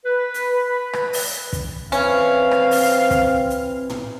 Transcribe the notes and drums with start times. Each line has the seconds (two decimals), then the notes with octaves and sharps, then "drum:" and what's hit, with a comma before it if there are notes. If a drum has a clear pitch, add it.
0.05 B4
0.34 drum: hi-hat
0.93 drum: rim click
1.13 drum: open hi-hat
1.53 drum: kick, hi-hat
1.92 E3 C4 C#4 F5, drum: hi-hat
2.51 drum: rim click
2.71 drum: open hi-hat
3.11 drum: kick, hi-hat
3.50 drum: hi-hat
3.90 drum: tom